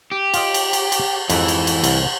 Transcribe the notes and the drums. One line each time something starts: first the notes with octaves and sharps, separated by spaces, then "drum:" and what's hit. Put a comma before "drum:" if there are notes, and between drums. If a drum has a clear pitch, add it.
G4
F4 D#5, drum: cymbal
drum: cymbal
drum: cymbal
drum: cymbal
F2 G#2 E3, drum: cymbal
drum: cymbal
drum: cymbal
C2, drum: cymbal